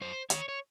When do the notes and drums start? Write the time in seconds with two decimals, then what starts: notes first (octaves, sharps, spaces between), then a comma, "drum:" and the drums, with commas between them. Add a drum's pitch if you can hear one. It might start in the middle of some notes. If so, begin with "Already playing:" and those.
0.01 F#2 C5
0.30 D#3 C#5, drum: hi-hat
0.49 C#5